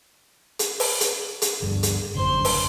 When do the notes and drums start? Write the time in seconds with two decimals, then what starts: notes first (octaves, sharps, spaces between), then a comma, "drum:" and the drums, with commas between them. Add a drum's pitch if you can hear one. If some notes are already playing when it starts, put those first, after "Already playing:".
0.59 drum: hi-hat
0.80 drum: open hi-hat
1.00 drum: hi-hat
1.42 drum: hi-hat
1.62 D2 G2
1.83 drum: hi-hat
2.15 G#1 F#2 D3 C5 C6
2.45 drum: open hi-hat